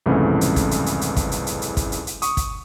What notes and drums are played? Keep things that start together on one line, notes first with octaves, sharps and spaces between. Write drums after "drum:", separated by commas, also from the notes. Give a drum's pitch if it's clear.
C2 F2 G#2 C#3 E3 A3
drum: hi-hat
drum: kick, hi-hat
drum: hi-hat
drum: hi-hat
drum: hi-hat
drum: kick, hi-hat
drum: hi-hat
drum: hi-hat
drum: hi-hat
drum: kick, hi-hat
drum: hi-hat
drum: hi-hat
C#6 D#6, drum: hi-hat
drum: kick, hi-hat